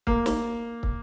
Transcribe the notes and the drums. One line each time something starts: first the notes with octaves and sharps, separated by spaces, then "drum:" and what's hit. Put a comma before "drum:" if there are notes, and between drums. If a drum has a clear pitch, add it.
A#3, drum: kick
drum: snare
drum: kick